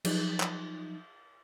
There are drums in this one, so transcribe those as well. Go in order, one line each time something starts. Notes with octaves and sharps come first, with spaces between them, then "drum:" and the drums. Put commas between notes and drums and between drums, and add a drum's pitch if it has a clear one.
F3 F#3 D#4, drum: cymbal
drum: clap